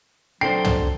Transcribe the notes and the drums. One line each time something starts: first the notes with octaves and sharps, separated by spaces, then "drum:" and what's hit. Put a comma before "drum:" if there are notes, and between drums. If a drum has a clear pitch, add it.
F#3 D4 A4 C5 G5 C7
drum: tom